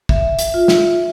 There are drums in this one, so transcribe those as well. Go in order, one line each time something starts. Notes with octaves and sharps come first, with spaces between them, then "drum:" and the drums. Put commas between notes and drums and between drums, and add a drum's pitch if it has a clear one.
E5, drum: kick
drum: hi-hat
F4
drum: snare